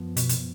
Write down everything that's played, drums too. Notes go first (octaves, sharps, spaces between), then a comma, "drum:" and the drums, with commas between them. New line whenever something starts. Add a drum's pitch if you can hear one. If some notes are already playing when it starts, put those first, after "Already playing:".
Already playing: F#2 F3 B3
B2, drum: hi-hat
drum: hi-hat